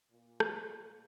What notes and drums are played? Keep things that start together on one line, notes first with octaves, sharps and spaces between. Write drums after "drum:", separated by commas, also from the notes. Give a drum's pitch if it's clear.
A#2
drum: rim click